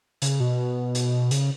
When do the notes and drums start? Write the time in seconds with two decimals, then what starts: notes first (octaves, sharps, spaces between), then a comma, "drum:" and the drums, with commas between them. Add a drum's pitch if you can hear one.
0.22 C#3, drum: hi-hat
0.40 B2
0.95 drum: hi-hat
1.31 C#3, drum: hi-hat